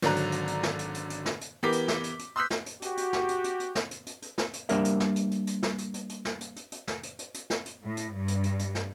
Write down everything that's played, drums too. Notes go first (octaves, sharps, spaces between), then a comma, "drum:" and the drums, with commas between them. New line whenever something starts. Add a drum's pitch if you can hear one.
G#1 D3 F#3 A#5 F#6, drum: snare
drum: hi-hat
drum: hi-hat
drum: hi-hat
drum: snare
drum: hi-hat
drum: hi-hat
drum: hi-hat
drum: snare
drum: hi-hat
E3 B3 G4 A#4 D6 B6
drum: hi-hat
drum: snare
drum: hi-hat
drum: hi-hat
C6 D#6 E6 F#6 G6 B6
drum: snare
drum: hi-hat
F#4 G4, drum: hi-hat
drum: hi-hat
drum: snare
drum: hi-hat
drum: hi-hat
drum: hi-hat
drum: snare
drum: hi-hat
drum: hi-hat
drum: hi-hat
drum: snare
drum: hi-hat
G3 A#3 D4 A#4 C5 E5, drum: hi-hat
drum: hi-hat
drum: snare
drum: hi-hat
drum: hi-hat
drum: hi-hat
drum: snare
drum: hi-hat
drum: hi-hat
drum: hi-hat
drum: snare
drum: hi-hat
drum: hi-hat
drum: hi-hat
drum: snare
drum: hi-hat
drum: hi-hat
drum: hi-hat
drum: snare
drum: hi-hat
A2
drum: hi-hat
G2
drum: hi-hat
drum: hi-hat
drum: hi-hat
drum: snare